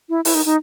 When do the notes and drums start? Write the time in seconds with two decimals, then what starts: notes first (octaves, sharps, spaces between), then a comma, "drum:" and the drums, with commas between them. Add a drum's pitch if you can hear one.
0.09 E4
0.25 E4, drum: open hi-hat
0.35 D#4
0.45 D#4